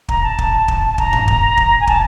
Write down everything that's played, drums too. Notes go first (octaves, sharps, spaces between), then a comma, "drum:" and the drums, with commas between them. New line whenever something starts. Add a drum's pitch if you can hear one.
A#5, drum: kick
A5
drum: kick
drum: kick
A5
A#5, drum: kick
drum: tom G2
drum: kick
drum: kick
G#5
A5, drum: kick